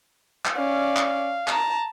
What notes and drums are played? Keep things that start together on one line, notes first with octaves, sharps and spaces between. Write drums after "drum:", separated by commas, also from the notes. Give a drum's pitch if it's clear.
drum: clap
C#4 D5 F5
drum: clap
A5 A#5, drum: clap